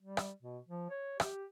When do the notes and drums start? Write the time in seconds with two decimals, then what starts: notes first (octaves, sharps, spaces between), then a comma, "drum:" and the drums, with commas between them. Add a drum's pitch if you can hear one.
0.02 G3
0.17 drum: rim click
0.43 B2
0.68 F3
0.90 C#5
1.20 G4, drum: rim click